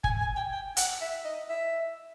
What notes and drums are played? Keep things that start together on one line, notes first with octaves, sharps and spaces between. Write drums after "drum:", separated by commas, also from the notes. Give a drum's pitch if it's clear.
G#5, drum: kick
G#5
G5
G5
F#5, drum: hi-hat
E5
D#5
E5